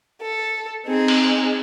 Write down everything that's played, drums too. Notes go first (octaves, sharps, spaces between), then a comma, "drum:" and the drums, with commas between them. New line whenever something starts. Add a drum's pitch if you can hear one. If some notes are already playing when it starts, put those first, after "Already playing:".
A4
C4 D#4 G#4
drum: cymbal